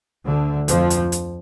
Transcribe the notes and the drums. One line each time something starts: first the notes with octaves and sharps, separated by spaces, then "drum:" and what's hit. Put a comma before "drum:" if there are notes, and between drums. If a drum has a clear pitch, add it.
D2 D3
F2 F3, drum: hi-hat
drum: hi-hat
drum: hi-hat